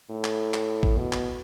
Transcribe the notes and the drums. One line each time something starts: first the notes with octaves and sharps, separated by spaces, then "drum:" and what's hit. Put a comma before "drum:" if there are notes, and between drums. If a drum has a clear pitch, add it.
A2
drum: clap
drum: clap
drum: kick
B2
drum: clap